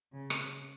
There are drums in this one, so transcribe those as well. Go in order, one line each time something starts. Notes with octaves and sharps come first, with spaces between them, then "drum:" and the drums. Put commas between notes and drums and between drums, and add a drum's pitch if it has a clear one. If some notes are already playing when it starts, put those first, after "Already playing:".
C#3
drum: rim click